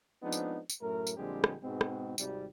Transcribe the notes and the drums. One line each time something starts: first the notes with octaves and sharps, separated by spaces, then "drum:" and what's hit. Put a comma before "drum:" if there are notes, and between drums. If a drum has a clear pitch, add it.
F3 G#3 B3 C4 D4 D#4
drum: tambourine
drum: tambourine
F#2 A2 A3 A#4
drum: tambourine
A#1 D3 G3 G#3 C4 G4
drum: rim click
G#2 B2 G#3 B3 C4
drum: rim click
G#1 C3 G3, drum: tambourine